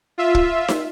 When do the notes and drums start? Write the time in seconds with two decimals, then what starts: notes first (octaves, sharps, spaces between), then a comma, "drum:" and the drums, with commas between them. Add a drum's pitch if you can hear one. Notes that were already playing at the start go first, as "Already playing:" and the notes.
0.18 F4 E5
0.35 drum: kick
0.68 drum: snare D#4